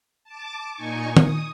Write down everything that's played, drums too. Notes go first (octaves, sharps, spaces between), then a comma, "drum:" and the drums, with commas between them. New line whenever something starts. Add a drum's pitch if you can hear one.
A5 D6
A#2 D#4 G#5 C#6
D#6, drum: tom D#3